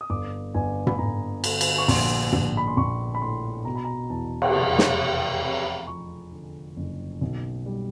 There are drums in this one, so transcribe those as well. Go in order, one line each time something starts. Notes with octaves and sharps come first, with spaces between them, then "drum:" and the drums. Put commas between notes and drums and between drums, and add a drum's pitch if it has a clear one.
D#6
G1 D6
G1 G#5
B5, drum: tom
G1 A#5
D3, drum: cymbal
drum: cymbal
C#6
A#1 C6, drum: open hi-hat
A#1, drum: tom
B5
C6
A#1 C#6
B5
A2 C6
B2 A#5
B5
A#5
E2 A5
drum: cymbal
F1
drum: snare
E2
F2 B5
A#5
B5
F3 C#6
D3
F#1
B1
G3